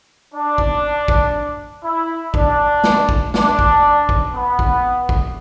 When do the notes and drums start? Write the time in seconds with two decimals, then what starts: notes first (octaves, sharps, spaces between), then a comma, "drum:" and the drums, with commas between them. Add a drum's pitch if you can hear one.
0.34 D4
0.58 drum: kick
1.08 drum: kick
1.84 E4
2.34 D4, drum: kick
2.84 drum: snare
3.09 drum: kick
3.34 D4, drum: snare
3.59 drum: kick
4.09 drum: kick
4.34 B3
4.59 drum: kick
5.09 drum: kick